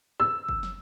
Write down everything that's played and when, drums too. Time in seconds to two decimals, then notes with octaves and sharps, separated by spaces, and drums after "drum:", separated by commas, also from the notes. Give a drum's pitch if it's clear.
0.20 E6
0.49 drum: kick
0.63 drum: snare